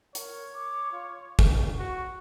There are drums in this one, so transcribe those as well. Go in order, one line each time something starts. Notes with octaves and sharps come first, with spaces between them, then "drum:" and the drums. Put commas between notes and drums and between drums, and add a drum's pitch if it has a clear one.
A#4 C#5, drum: hi-hat
D6
F4
C#6, drum: kick
F#4